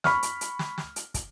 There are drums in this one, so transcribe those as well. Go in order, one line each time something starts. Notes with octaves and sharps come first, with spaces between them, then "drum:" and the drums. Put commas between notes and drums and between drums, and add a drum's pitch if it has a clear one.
B5 C#6 F6, drum: snare
drum: hi-hat
drum: hi-hat
drum: snare
drum: snare
drum: hi-hat
drum: kick, hi-hat